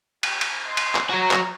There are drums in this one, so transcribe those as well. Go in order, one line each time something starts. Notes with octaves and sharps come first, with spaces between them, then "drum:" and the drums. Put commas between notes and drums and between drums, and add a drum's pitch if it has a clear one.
G4 G5, drum: cymbal
drum: cymbal
D#5 C6
drum: cymbal
drum: clap
F#3 F#4 A#5
drum: clap